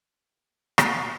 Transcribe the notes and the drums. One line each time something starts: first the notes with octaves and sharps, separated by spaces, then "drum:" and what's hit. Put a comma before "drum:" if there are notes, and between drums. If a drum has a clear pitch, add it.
A#3 G4
drum: rim click